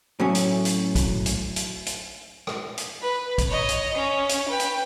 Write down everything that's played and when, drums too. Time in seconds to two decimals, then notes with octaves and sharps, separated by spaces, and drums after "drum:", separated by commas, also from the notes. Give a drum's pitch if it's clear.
0.20 A2 F#3 C#4
0.35 drum: hi-hat
0.65 drum: hi-hat
0.95 drum: kick, hi-hat
1.26 drum: hi-hat
1.56 drum: hi-hat
1.86 drum: hi-hat
2.47 drum: rim click
2.78 drum: hi-hat
3.02 B4
3.38 drum: kick, hi-hat
3.49 C#5 D#5
3.69 drum: hi-hat
3.95 C#4
4.29 drum: hi-hat
4.49 B4 G5
4.60 drum: hi-hat